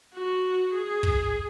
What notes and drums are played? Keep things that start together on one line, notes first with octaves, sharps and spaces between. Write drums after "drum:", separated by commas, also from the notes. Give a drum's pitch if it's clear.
F#4
G#4
drum: kick